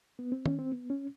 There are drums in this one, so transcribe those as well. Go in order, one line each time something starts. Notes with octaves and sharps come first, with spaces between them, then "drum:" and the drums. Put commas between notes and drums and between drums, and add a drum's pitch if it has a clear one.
B3
C4
C#4, drum: tom
C4
B3
C#4